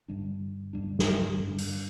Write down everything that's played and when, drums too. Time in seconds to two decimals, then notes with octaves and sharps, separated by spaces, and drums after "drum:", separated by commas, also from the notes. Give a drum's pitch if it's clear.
0.08 G2 D3 G3 D4
0.73 G2 D3 G3 D4
0.99 drum: snare
1.38 G2 D3 G3 D4
1.58 drum: open hi-hat